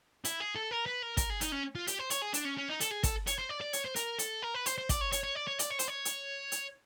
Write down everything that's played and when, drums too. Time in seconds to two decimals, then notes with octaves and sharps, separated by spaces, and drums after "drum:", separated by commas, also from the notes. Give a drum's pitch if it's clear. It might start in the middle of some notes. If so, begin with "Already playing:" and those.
0.25 E4, drum: hi-hat
0.40 G#4
0.56 A4
0.71 A#4
0.86 B4
1.03 A#4
1.17 A#4, drum: kick, hi-hat
1.30 G#4
1.41 D#4, drum: hi-hat
1.52 C#4
1.75 F4
1.87 G4, drum: hi-hat
1.99 C5
2.10 C#5, drum: hi-hat
2.22 G#4
2.34 D4, drum: hi-hat
2.45 C#4
2.58 C#4
2.69 D#4
2.80 A4, drum: hi-hat
2.91 G#4
3.03 A4, drum: kick, hi-hat
3.27 C#5, drum: hi-hat
3.38 C5
3.49 D5
3.61 D5
3.73 C#5, drum: hi-hat
3.85 C5
3.96 A#4, drum: hi-hat
4.19 A4, drum: hi-hat
4.43 A#4
4.55 B4
4.66 C5, drum: hi-hat
4.78 C5
4.89 D5, drum: kick, hi-hat
5.01 C#5
5.12 C#5, drum: hi-hat
5.24 C#5
5.36 D5
5.48 C#5
5.59 D5, drum: hi-hat
5.71 C#5
5.79 C5, drum: hi-hat
5.88 C#5
6.05 drum: hi-hat
6.52 drum: hi-hat